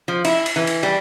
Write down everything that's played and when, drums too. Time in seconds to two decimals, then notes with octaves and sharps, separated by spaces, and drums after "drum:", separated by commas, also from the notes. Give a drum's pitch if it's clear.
0.08 F3
0.25 E4, drum: cymbal
0.46 drum: cymbal
0.56 E3
0.67 drum: cymbal
0.83 G3